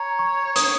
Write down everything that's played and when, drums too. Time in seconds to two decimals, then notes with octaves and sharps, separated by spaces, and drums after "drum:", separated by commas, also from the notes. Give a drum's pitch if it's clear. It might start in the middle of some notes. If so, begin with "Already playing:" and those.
Already playing: C#5 A#5
0.19 C#6
0.56 D#6, drum: hi-hat